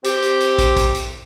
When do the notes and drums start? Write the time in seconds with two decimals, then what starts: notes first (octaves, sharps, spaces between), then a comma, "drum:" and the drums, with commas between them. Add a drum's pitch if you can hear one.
0.04 C4 G4, drum: hi-hat
0.22 drum: hi-hat
0.40 drum: hi-hat
0.58 drum: kick, hi-hat
0.76 drum: kick, hi-hat
0.95 drum: hi-hat